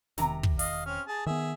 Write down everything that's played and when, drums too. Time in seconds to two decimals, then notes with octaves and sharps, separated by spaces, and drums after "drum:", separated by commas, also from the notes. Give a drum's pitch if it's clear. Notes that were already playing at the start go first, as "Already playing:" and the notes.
0.18 E1 C3 D#3 A#5, drum: snare
0.43 drum: kick
0.59 D#5 F5, drum: open hi-hat
0.86 C4 C#4 F6
1.08 G#4 A5
1.26 D#3 B3 G#4 E5